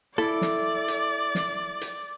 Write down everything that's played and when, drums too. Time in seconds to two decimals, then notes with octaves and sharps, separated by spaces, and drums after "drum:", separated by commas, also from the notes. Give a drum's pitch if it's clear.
0.18 E4 A4 D5
0.41 drum: snare
0.88 drum: hi-hat
1.35 drum: snare
1.81 drum: hi-hat